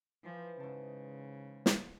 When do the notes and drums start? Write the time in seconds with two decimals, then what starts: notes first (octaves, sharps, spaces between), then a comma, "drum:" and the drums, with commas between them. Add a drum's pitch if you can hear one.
0.24 E3 F3 C5
0.60 G#2 C#3 A5
1.66 drum: snare